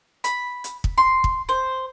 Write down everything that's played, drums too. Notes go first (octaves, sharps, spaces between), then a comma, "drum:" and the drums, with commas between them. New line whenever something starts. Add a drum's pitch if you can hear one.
B5, drum: hi-hat
drum: hi-hat
drum: kick
C6
drum: kick
C5